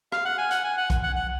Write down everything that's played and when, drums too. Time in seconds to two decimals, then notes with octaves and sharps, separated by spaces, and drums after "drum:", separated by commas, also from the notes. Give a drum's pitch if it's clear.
0.12 F5, drum: rim click
0.25 F#5
0.38 G#5
0.51 F#5, drum: hi-hat
0.64 G#5
0.77 F#5
0.90 drum: kick B1, hi-hat
1.03 F#5
1.16 F#5